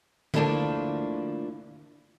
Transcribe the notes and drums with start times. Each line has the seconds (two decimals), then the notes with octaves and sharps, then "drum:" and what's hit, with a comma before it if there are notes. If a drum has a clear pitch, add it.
0.34 F3 A3 A#3 D4 E4 F4, drum: tom D3